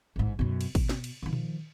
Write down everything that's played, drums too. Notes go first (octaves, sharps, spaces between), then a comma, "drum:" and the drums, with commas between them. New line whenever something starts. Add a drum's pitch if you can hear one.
A1 G#2
F#2 B2
drum: cymbal
B2, drum: kick, cymbal
drum: snare
drum: cymbal
D#3 F3
drum: tom A#2